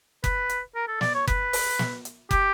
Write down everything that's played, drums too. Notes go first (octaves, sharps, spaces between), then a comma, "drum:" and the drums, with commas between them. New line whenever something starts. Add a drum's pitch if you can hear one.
B4, drum: kick F#1, hi-hat
drum: hi-hat
A#4
A4
D5, drum: snare
C#5
B4, drum: kick F#1, hi-hat
drum: open hi-hat
drum: snare
drum: hi-hat
G4, drum: kick F#1, hi-hat